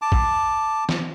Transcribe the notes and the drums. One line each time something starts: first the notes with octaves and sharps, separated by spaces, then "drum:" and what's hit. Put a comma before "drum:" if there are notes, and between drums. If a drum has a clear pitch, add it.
A5 D6
drum: kick
drum: snare